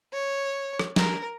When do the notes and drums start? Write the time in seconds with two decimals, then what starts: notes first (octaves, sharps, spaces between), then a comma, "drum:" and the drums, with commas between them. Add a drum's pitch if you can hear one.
0.13 C#5
0.79 drum: rim click
0.96 A#4, drum: snare